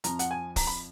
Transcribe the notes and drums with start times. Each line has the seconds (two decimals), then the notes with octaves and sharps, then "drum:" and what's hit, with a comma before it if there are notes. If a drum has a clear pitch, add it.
0.04 F2 F3 A#5, drum: hi-hat
0.19 F#5, drum: hi-hat
0.31 G#5
0.56 A#5, drum: kick, open hi-hat
0.67 B5